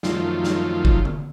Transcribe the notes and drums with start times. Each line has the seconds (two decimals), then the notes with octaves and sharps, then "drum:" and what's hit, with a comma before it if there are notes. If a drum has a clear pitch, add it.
0.03 F#2 D#3 F3 A3 F4, drum: snare
0.44 drum: snare
0.85 drum: kick
1.05 drum: tom D3